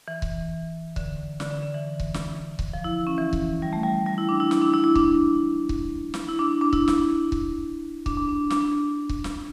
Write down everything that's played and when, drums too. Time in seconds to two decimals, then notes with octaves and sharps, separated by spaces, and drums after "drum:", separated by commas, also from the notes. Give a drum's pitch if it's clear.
0.08 E3
0.22 drum: kick C#1
0.96 D3, drum: kick C#1
1.40 D3, drum: snare
1.51 D3
1.62 D3
1.74 E3
2.00 drum: kick C#1
2.14 drum: snare
2.59 drum: kick C#1
2.73 F3
2.84 E4
3.07 C#4
3.18 E3
3.33 drum: kick C#1
3.62 G3
3.73 A3
3.83 G3
4.06 G3
4.18 E4
4.29 D4
4.40 E4
4.51 E4, drum: snare
4.62 D4
4.74 E4
4.84 E4
4.95 D4, drum: kick C#1
5.69 drum: kick C#1
6.14 drum: snare
6.29 E4
6.39 D4
6.61 D4
6.73 E4, drum: kick C#1
6.88 drum: snare
7.32 drum: kick C#1
8.06 D4, drum: kick C#1
8.17 D4
8.29 D4
8.50 D4, drum: snare
9.09 drum: kick C#1
9.24 drum: snare